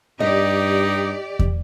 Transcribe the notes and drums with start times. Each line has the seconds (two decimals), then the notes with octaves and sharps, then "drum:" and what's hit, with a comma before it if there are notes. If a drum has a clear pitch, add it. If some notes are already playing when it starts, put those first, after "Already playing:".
0.20 G2 D#4 G4 D5 D#5
1.39 drum: kick E2